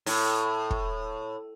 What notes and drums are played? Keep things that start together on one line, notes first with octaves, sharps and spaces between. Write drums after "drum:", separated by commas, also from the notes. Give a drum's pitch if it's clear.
A2, drum: open hi-hat
drum: kick